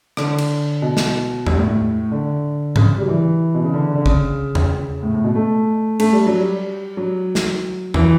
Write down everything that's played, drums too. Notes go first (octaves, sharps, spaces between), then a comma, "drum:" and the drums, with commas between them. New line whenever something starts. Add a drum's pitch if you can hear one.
D3, drum: rim click
drum: cymbal
B2
drum: snare
G2, drum: tom E2
A2
A2
D3
C#3, drum: tom G#2
F#3 G3
E3
B2
C#3
D3
D3
C#3, drum: kick
drum: tom E2
A2
A2
B2
A3
A3, drum: cymbal
G3
F#3
G3
F#3
drum: snare
E3, drum: tom E2